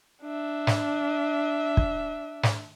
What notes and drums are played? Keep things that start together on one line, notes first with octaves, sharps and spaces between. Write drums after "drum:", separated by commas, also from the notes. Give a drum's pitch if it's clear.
D4 E5
drum: snare
drum: kick
drum: snare